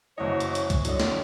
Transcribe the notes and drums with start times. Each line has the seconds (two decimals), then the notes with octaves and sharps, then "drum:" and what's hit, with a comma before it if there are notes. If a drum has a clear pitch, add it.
0.18 F#1 E3 F#4 C#5 D#5
0.40 drum: hi-hat
0.55 drum: hi-hat
0.70 drum: kick, hi-hat
0.85 D3 F#3 C#5 D#5, drum: hi-hat
1.00 drum: snare